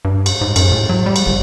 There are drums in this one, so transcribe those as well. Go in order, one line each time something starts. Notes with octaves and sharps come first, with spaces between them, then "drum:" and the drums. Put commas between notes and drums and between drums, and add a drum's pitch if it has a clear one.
G2
drum: cymbal
G#2
F#2, drum: cymbal
A2
F#3
G3
drum: cymbal
G1